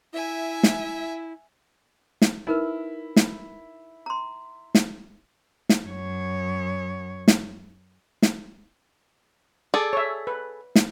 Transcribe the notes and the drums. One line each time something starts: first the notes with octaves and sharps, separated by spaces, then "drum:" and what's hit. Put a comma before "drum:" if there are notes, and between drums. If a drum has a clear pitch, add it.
E4 E5 G#5
drum: snare
drum: snare
D#4 E4 A#4 B4
drum: snare
A#5 C6
drum: snare
drum: snare
F#2 C#5
drum: snare
drum: snare
G#4 A4 D5
C#5 E5
B4
drum: snare